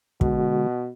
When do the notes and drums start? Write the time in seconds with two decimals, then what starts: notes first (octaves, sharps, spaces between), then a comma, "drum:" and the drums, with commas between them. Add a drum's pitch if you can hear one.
0.21 B2 D3 G#3 F#4, drum: kick